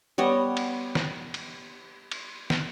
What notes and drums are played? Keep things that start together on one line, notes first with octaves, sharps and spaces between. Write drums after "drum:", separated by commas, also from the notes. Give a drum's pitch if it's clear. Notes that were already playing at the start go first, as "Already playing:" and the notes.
G3 B3 C#5 D#5
drum: cymbal
drum: snare
drum: cymbal
drum: cymbal
drum: snare